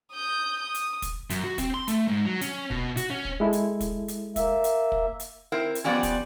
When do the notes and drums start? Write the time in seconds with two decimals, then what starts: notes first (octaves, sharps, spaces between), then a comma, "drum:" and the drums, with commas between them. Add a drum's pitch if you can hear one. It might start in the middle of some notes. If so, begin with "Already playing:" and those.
0.13 D#6 G6
0.59 D#6
0.74 drum: hi-hat
1.02 drum: kick, hi-hat
1.30 F#2, drum: hi-hat
1.44 F#4
1.58 C4, drum: kick, hi-hat
1.74 C6
1.88 A3, drum: hi-hat
2.08 G#2
2.26 F#3
2.41 C#4, drum: hi-hat
2.71 B2, drum: kick
2.97 F#4, drum: hi-hat
3.10 C#4
3.25 drum: kick
3.40 G#3 E4 A4
3.53 drum: hi-hat
3.80 drum: kick, hi-hat
4.08 drum: hi-hat
4.36 A#3 E5, drum: kick, hi-hat
4.64 drum: hi-hat
4.92 drum: kick
5.20 drum: hi-hat
5.52 C4 E4 A#4
5.75 drum: hi-hat
5.84 F3 G3 B3 C#4 D5
6.03 drum: kick, hi-hat